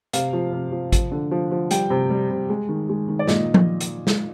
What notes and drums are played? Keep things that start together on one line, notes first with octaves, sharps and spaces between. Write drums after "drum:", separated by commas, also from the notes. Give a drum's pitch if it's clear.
C3 F5, drum: hi-hat
F3
C3
F3
F3, drum: kick G#1, hi-hat
D3
F3
F3
G3 G5, drum: hi-hat
C3
G3
C3
G#3
D#3
G#3
D#3
D5
A#2 D#5, drum: snare
drum: tom F3
drum: hi-hat
drum: snare